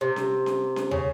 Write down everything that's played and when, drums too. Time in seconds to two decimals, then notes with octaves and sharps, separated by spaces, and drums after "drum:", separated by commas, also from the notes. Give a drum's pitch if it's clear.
0.01 C3
0.16 drum: snare C#4
0.46 drum: snare C#4
0.76 drum: snare C#4
0.91 C#3, drum: tom